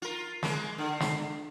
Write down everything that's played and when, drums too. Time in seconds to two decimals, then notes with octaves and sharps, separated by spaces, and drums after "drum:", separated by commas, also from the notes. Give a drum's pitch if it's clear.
0.02 F4 A#4
0.43 G#3 A#3, drum: snare
0.78 D3
1.00 drum: snare